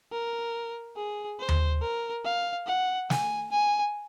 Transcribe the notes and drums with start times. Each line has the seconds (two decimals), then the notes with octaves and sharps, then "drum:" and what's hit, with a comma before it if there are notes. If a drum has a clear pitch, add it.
0.12 A#4
0.96 G#4
1.39 C5
1.49 drum: tom D#2
1.82 A#4
2.24 F5
2.67 F#5
3.10 G#5, drum: snare
3.51 G#5